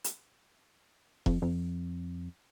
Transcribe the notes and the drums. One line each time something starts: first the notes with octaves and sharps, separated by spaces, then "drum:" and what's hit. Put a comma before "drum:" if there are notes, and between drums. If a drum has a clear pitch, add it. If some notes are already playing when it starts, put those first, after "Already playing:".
drum: hi-hat
F2, drum: kick E1
F2